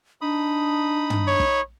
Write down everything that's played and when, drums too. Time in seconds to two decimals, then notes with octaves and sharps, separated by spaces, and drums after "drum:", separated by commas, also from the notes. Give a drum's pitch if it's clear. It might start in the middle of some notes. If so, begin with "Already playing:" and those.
0.21 D4 D#4 B5 D#6
1.10 drum: tom
1.27 C#5
1.40 drum: kick